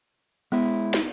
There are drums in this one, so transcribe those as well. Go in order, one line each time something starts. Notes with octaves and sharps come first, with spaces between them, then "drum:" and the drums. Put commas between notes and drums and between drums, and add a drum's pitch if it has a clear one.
G#3 B3 E4
drum: snare